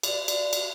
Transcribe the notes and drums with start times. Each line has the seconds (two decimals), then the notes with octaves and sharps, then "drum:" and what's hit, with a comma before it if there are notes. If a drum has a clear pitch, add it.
0.03 D5, drum: cymbal
0.28 drum: cymbal
0.53 drum: cymbal